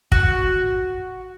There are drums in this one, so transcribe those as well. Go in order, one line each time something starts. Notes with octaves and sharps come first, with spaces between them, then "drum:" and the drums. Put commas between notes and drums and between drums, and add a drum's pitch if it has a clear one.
F#4, drum: kick